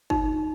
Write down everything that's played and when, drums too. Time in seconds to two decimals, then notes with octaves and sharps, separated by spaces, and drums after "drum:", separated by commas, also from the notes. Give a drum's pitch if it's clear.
0.10 D#4, drum: kick G1